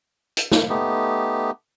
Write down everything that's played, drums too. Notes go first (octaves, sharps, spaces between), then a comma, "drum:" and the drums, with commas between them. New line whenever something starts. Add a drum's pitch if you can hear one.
drum: hi-hat
drum: snare
A3 B3 D#4 G4